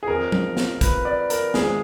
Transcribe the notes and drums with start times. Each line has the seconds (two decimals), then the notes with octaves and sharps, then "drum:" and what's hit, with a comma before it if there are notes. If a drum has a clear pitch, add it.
0.03 G#4
0.08 F2 F3 A#4
0.32 drum: tom F3
0.57 drum: snare
0.81 B4, drum: kick, hi-hat
1.05 D5
1.30 A#4, drum: hi-hat
1.54 G#1 G#2 F3 G#4, drum: snare